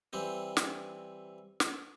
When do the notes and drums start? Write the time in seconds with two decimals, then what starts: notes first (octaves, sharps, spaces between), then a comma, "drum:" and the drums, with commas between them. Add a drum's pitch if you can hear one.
0.13 E3 G3 C4
0.57 drum: snare
1.60 drum: snare